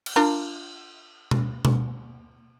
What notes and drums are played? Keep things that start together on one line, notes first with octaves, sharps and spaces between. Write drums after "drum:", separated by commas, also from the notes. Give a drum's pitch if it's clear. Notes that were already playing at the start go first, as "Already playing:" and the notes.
drum: cymbal
D4 F4 A#4
drum: tom B2
drum: tom B2